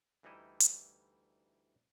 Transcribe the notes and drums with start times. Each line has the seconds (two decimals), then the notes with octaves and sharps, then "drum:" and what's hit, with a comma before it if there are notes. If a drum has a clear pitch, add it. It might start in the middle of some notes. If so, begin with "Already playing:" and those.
0.23 D2 E3 G3 D#4 E4 D#5
0.60 drum: hi-hat